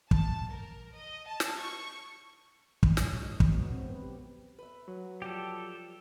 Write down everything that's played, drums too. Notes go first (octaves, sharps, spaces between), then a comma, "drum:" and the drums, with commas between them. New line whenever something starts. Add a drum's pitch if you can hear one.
A5, drum: kick
A#4
D#5
A5
drum: snare
C#6
D4, drum: kick
G#3, drum: snare
C#5
D#5
F#3, drum: kick
B3
C4
B4
G4
B4 E5
F#3
F3 G3 G4 A4